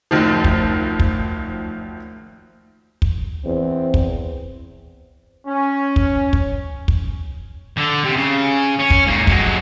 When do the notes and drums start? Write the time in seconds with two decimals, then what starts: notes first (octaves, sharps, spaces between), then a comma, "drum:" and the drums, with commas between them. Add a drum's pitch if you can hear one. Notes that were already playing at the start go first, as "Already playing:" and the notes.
0.11 F#1 D2 D#3 F3
0.44 drum: kick
1.00 drum: kick
3.02 drum: kick
3.45 E2 C4
3.94 drum: kick
5.46 C#4
5.96 drum: kick
6.33 drum: kick
6.88 drum: kick
7.77 D3
8.04 C3
8.17 C#3
8.80 C#4
8.90 drum: kick
9.07 G#2 A#3
9.27 F#3 G#3, drum: kick